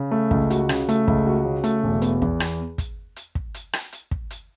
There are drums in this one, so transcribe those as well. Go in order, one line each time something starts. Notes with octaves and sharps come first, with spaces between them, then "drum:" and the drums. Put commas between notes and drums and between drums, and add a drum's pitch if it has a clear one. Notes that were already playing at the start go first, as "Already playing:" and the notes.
Already playing: C#3
A3
C#2, drum: kick
F#4, drum: hi-hat
C#3, drum: rim click
A3, drum: hi-hat
C#2, drum: kick
F#4
C#3
A3, drum: hi-hat
E1
B3, drum: hi-hat
E2, drum: kick
drum: rim click
drum: kick, hi-hat
drum: hi-hat
drum: kick
drum: hi-hat
drum: rim click
drum: hi-hat
drum: kick
drum: hi-hat